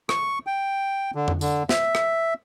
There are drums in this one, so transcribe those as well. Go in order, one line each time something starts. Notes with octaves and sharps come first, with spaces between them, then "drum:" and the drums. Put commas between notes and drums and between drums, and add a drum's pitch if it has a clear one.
C#6, drum: rim click
G5
D3
drum: tom F2
D3, drum: tambourine
E5, drum: snare
drum: rim click